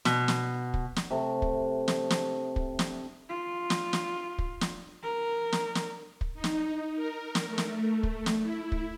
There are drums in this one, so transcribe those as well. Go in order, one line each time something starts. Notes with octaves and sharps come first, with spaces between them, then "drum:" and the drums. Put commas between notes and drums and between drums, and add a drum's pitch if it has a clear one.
B2, drum: snare
drum: snare
drum: kick
drum: snare
C3 A3
drum: kick
drum: snare
drum: snare
drum: kick
drum: snare
F4
drum: snare
drum: snare
drum: kick
drum: snare
A#4
drum: snare
drum: snare
drum: kick
D#4
drum: snare
A#4
drum: snare
A3
drum: snare
drum: kick
drum: snare
E4
drum: kick